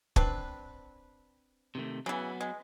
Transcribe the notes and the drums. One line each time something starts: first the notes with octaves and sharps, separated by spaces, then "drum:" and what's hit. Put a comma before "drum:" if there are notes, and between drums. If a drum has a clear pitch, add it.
C4 D4 B4, drum: kick
C3 D#3 A3
C#3 E3 F#3 B3
G#3